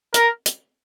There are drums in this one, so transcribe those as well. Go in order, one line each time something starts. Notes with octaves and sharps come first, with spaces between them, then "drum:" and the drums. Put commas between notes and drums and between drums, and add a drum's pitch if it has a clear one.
A#4, drum: hi-hat
drum: hi-hat